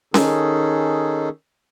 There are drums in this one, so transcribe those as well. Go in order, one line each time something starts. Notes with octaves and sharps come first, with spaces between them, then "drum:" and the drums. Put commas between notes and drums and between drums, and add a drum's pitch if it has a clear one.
D#3 C#4 D#4 G#4 A4, drum: snare C#4